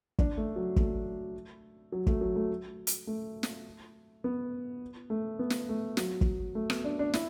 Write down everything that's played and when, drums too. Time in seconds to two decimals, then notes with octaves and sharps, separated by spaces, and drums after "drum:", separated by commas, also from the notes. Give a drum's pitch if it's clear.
0.19 D4, drum: kick
0.37 A3
0.56 F#3
0.76 A3, drum: kick
1.92 F#3
2.07 A3, drum: kick
2.21 F#3
2.36 A3
2.87 drum: hi-hat
3.07 A3
3.43 drum: snare
4.24 B3
5.10 A3
5.39 B3
5.50 drum: snare
5.69 A3
5.97 F#3, drum: snare
6.21 drum: kick
6.55 A3
6.70 B3, drum: rim click
6.84 D4
6.99 D4
7.14 E4, drum: snare